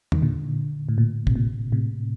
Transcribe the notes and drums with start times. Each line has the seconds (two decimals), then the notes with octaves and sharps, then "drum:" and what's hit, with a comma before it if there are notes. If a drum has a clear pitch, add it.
0.12 D#3, drum: tom
0.22 A#2 D3
0.89 A2
0.98 A#2
1.27 C3, drum: kick
1.36 A#2
1.72 A2 C3